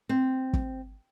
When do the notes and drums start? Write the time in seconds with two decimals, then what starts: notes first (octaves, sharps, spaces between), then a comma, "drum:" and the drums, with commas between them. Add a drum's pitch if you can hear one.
0.09 C4
0.53 drum: kick